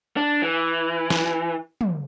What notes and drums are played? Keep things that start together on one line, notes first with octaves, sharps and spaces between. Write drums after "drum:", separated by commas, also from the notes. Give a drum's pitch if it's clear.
D4
E3
drum: snare
drum: tom